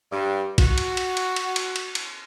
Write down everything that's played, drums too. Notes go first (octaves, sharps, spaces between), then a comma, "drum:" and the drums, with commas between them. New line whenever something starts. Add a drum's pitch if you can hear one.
G2
F#4, drum: kick, cymbal
drum: cymbal
drum: cymbal
drum: cymbal
drum: cymbal
drum: cymbal
drum: cymbal
drum: cymbal